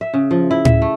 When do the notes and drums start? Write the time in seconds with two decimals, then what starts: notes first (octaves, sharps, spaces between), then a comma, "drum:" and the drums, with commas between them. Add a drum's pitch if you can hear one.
0.01 E5
0.14 C#3
0.31 F3
0.51 E4
0.65 E5, drum: tom A2
0.82 A3